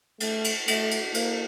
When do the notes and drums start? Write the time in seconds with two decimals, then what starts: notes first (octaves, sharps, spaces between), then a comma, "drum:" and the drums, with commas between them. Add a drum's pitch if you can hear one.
0.20 A3, drum: cymbal
0.44 drum: cymbal
0.68 A3, drum: cymbal
0.91 drum: cymbal
1.14 A#3, drum: cymbal